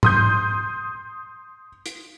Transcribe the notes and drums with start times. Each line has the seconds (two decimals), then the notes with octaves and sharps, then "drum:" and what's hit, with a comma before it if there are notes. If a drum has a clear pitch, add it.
0.03 C6 D#6 G6, drum: tom G#2
1.86 drum: hi-hat